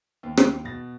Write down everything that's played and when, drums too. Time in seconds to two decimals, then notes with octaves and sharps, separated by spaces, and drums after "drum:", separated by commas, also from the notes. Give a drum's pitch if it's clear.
0.23 D#2
0.37 drum: rim click
0.65 B2 A6 A#6